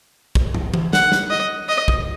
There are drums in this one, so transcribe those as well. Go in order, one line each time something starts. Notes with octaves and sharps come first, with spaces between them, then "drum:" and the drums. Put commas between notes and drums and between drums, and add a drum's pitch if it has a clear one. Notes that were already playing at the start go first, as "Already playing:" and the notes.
drum: kick
drum: tom
drum: tom E3
F#5, drum: snare
drum: snare
D#5
D#5
drum: kick